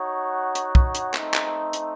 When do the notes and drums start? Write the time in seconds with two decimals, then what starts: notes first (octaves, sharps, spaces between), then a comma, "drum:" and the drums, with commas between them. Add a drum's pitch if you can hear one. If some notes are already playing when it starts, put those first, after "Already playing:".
Already playing: D#4 F#4 C#5 F#5
0.55 drum: hi-hat
0.75 drum: kick
0.95 drum: hi-hat
1.14 A3 C4 D#4, drum: clap
1.34 drum: clap
1.73 drum: hi-hat